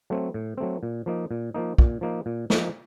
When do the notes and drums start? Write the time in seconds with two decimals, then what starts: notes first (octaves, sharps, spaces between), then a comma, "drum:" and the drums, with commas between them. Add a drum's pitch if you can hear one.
0.10 F#3 A3 C4
0.34 A2
0.57 F#3 A3 C4
0.83 A#2
1.06 F3 A#3 D#4
1.31 A#2
1.54 F3 A#3 D#4
1.78 A#2, drum: kick
2.01 F3 A#3 D#4
2.26 A#2
2.50 F3 A#3 D#4, drum: snare